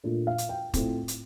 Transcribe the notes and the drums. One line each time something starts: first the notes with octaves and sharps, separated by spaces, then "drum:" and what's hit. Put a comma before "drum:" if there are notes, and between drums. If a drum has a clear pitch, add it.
A#2 A3 D4 F4
F5
drum: hi-hat
G5
A2 A3 C4 F4, drum: kick, hi-hat
drum: hi-hat